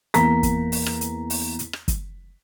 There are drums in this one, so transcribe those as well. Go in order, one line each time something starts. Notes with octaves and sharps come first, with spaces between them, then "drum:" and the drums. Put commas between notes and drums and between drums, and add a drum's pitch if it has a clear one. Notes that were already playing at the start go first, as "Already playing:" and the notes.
E2 A#3 A#5 B6, drum: hi-hat
drum: kick, hi-hat
drum: open hi-hat
drum: rim click
drum: hi-hat
drum: open hi-hat
drum: hi-hat
drum: rim click
drum: kick, hi-hat